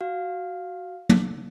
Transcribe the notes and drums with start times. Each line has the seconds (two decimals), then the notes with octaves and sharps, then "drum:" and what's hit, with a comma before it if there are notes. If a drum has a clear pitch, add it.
0.01 F#4 F5
1.09 drum: tom